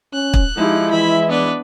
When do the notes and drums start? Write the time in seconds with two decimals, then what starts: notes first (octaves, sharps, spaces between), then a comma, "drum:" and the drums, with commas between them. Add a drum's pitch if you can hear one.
0.13 C#4 F#6
0.34 drum: kick
0.57 F3 G#3 D#4 E4 G4
0.91 E3 E5 B5
1.29 B3 D4 B4 D5